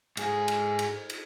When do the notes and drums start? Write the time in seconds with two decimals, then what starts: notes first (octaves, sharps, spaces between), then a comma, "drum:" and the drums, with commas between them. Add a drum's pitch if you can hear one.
0.17 G#2 G#4, drum: cymbal
0.48 drum: cymbal
0.79 drum: cymbal
1.10 drum: cymbal